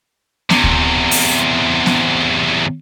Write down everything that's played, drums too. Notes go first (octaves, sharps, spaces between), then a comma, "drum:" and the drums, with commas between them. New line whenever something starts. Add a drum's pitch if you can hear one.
E2 C3, drum: snare B3
drum: kick D2
drum: open hi-hat
drum: snare B3